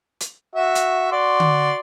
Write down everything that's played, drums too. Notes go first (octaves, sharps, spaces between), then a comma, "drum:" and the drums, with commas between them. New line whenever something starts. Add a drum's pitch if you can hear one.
drum: hi-hat
F#4 E5
drum: hi-hat
F#4 D5 C6
drum: tom D3